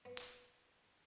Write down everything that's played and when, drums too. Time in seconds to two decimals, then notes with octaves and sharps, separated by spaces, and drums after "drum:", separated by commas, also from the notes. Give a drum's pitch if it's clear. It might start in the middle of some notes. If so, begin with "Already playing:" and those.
0.05 B3
0.17 drum: hi-hat